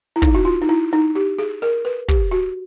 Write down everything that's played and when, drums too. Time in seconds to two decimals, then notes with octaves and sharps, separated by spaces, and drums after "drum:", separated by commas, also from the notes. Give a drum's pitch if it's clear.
0.16 E4
0.22 D#4, drum: kick
0.35 F#4
0.45 F4
0.62 D#4
0.69 E4
0.93 D#4
1.15 G4
1.39 G#4
1.62 A#4
1.85 B4
2.08 G4, drum: kick
2.31 F#4